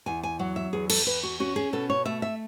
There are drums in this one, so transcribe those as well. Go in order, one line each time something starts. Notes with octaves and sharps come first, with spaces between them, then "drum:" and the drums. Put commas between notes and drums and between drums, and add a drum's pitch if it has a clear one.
E2 G#5
G#5
F#3 F#5
E5
E2 G#4
A4, drum: cymbal
E2 B4
F#4
C#4 F#4
G#4
B2 A4
C#5
A3 E5
E5